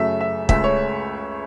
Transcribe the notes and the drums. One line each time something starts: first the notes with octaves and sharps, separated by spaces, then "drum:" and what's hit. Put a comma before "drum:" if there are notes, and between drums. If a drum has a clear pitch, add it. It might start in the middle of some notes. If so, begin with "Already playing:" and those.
Already playing: F#2 C#3 A3 E5
E5
C#2 C#3 A3 E5, drum: kick
C#5